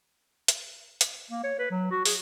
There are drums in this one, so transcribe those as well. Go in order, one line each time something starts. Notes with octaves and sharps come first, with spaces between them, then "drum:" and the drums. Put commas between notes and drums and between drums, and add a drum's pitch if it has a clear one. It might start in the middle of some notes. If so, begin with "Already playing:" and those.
drum: hi-hat
drum: hi-hat
A#3
C#5
B4
F#3
F#4
G#4, drum: open hi-hat